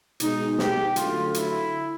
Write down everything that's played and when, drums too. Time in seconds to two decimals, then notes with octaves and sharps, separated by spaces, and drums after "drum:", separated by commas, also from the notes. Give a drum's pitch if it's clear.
0.20 B2 G#3 D#4, drum: hi-hat
0.58 G4, drum: snare
0.96 D3 F#3 A3 F4, drum: hi-hat
1.34 E4, drum: hi-hat